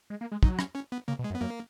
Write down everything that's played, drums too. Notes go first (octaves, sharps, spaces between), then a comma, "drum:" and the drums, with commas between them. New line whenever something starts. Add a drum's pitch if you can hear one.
G#3
A#3
G#3
F#3 D#4, drum: kick
C#4, drum: rim click
C#4
B3
C#3 A#3
B2
G#3
F#2
B3
F#2 A#3